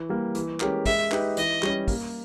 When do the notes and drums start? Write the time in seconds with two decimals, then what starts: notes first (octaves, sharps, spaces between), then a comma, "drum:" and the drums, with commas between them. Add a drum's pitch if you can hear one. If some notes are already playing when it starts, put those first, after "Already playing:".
Already playing: E3
0.09 G3 A#3
0.35 E3, drum: hi-hat
0.60 G#3 C#4 G4 A#4, drum: clap
0.86 G#3 E5, drum: kick, open hi-hat
1.11 D#4 G4 B4, drum: clap
1.37 E3 D#5, drum: hi-hat
1.63 G3 C#4, drum: clap
1.88 A#3, drum: kick, open hi-hat